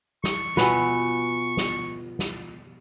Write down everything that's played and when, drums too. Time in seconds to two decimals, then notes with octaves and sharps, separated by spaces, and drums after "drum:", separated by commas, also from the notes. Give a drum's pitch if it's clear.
0.24 C#6, drum: snare
0.57 B2 B3 F4 B4 G#5, drum: snare
1.57 drum: snare
2.19 drum: snare